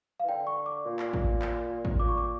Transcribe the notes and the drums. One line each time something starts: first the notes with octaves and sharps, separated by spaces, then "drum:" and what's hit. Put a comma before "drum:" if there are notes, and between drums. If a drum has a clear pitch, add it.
E3 F5
D3 G5
C#6
D6
A#2
drum: clap
drum: kick
drum: clap
drum: kick
A#2 D6
C#6
D6